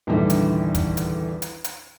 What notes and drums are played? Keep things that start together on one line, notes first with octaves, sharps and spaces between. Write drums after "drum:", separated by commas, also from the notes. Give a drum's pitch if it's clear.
A#1 E2 D3 D#3 G3 A3
drum: hi-hat
drum: kick, hi-hat
drum: hi-hat
drum: hi-hat
drum: hi-hat